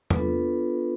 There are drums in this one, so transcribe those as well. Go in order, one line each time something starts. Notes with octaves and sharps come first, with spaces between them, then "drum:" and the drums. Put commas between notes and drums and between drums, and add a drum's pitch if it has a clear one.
B4, drum: tom E2
B3 D4 F4 A4